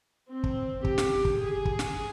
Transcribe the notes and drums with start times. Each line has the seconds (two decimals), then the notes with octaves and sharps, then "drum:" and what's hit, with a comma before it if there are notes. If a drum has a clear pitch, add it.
0.30 C4
0.44 drum: kick
0.84 G4, drum: kick
0.98 drum: snare
1.25 drum: kick
1.38 G#4
1.65 drum: kick
1.79 drum: snare